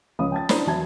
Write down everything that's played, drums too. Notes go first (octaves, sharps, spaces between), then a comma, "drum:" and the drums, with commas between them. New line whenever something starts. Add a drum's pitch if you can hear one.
C#2 F3 C#4 F5 B5 D#6
G5 A5 A6
D4 E4 C5 A#5 B5, drum: snare
E2 F#3 E5 A5 G#6